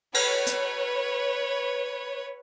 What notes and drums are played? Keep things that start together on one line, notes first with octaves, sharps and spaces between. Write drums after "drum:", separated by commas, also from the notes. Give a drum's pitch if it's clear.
B4 C#5, drum: cymbal
drum: hi-hat